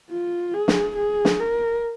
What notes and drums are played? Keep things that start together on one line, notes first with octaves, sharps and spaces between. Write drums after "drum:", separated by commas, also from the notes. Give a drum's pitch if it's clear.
F4
G#4
drum: snare
G#4
drum: snare
A#4